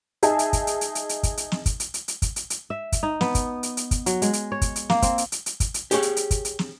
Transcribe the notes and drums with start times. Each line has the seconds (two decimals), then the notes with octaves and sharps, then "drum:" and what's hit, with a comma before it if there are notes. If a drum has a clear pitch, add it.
0.23 D#4 G#4 E5 G#5 A5, drum: hi-hat
0.39 drum: hi-hat
0.53 drum: kick, hi-hat
0.67 drum: hi-hat
0.81 drum: hi-hat
0.95 drum: hi-hat
1.09 drum: hi-hat
1.23 drum: kick, hi-hat
1.37 drum: hi-hat
1.52 drum: snare
1.66 drum: kick, hi-hat
1.80 drum: hi-hat
1.94 drum: hi-hat
2.08 drum: hi-hat
2.22 drum: kick, hi-hat
2.36 drum: hi-hat
2.50 drum: hi-hat
2.70 E5
2.92 drum: kick, hi-hat
3.03 D#4
3.21 B3, drum: snare
3.35 drum: kick, hi-hat
3.63 drum: hi-hat
3.77 drum: hi-hat
3.91 drum: kick, hi-hat
4.06 F#3, drum: hi-hat
4.22 G#3, drum: hi-hat
4.33 drum: hi-hat
4.52 C#5
4.62 drum: kick, hi-hat
4.76 drum: hi-hat
4.90 A#3, drum: snare
5.02 C4, drum: kick, hi-hat
5.18 drum: hi-hat
5.32 drum: hi-hat
5.46 drum: hi-hat
5.60 drum: kick, hi-hat
5.74 drum: hi-hat
5.91 G4 G#4 C#5, drum: hi-hat
6.02 drum: hi-hat
6.17 drum: hi-hat
6.31 drum: kick, hi-hat
6.45 drum: hi-hat
6.59 drum: snare